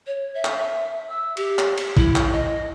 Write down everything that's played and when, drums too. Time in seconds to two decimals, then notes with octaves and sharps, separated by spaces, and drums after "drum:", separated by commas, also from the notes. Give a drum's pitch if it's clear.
0.07 C#5
0.34 E5
0.45 drum: clap
0.58 E5
1.09 E6
1.37 G4, drum: cymbal
1.59 drum: clap
1.78 drum: cymbal
1.97 E4, drum: kick A1
2.16 drum: clap
2.32 D#5